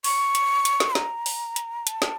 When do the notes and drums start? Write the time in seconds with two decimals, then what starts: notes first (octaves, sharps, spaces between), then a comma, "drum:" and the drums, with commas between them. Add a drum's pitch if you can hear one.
0.04 C#6, drum: open hi-hat
0.35 drum: hi-hat
0.65 drum: hi-hat
0.80 drum: snare
0.95 A#5, drum: snare
1.26 drum: open hi-hat
1.56 drum: hi-hat
1.87 A5, drum: hi-hat
2.02 drum: snare